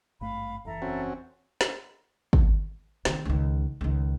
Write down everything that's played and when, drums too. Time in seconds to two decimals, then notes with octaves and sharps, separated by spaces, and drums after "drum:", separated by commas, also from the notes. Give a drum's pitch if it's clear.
0.21 G#1 G2 A3 F5 B5
0.65 F#1 E2 E3 A4 E5 A#5
0.82 C4 C#4 F#4
1.61 drum: snare
2.33 drum: kick
3.05 D#3 C4, drum: snare
3.25 C#2 D#3
3.81 C#2 D#3